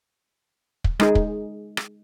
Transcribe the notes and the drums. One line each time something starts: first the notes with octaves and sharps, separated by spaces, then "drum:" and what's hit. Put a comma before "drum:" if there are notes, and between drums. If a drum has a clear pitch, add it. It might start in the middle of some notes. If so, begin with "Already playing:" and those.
drum: kick
G#3 D#4 G#4, drum: rim click
drum: kick
drum: rim click